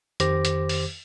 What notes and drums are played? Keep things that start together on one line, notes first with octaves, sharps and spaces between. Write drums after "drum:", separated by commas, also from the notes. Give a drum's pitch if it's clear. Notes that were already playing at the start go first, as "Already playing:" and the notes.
F2 D#3 G4 C5 D6 A#6, drum: hi-hat
drum: hi-hat
drum: open hi-hat